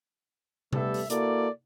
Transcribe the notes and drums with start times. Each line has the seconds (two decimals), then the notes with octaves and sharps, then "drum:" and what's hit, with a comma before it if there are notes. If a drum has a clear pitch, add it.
0.73 G3 A3 B3 G4 A4 E5, drum: tom C3
0.94 drum: open hi-hat
1.10 A#3 E4 F#4 A4 D5, drum: hi-hat